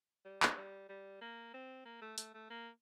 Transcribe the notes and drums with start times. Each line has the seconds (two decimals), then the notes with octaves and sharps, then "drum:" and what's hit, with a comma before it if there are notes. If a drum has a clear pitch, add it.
0.25 G3
0.43 drum: clap
0.57 G3
0.89 G3
1.21 A#3
1.54 C4
1.85 A#3
2.01 A3
2.18 A3, drum: hi-hat
2.34 A3
2.50 A#3